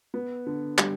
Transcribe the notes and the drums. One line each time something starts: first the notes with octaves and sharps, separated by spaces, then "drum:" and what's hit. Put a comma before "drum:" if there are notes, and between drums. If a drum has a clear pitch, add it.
B3
D3
G3, drum: clap